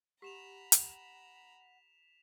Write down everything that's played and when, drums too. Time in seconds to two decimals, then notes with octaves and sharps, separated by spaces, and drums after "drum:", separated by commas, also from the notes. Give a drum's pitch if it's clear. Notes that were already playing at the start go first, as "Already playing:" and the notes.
0.22 G4 F#5 A#5 B5 B6 E7 F7
0.72 drum: hi-hat